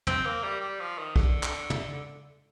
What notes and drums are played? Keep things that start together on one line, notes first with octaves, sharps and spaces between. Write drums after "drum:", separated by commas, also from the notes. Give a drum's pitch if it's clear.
C4, drum: tom
A#3
G3
G3
F3
D#3
D3, drum: kick
drum: clap
drum: tom